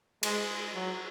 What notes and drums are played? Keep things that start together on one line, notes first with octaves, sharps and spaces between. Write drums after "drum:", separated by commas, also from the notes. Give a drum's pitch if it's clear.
G#3, drum: cymbal
F#3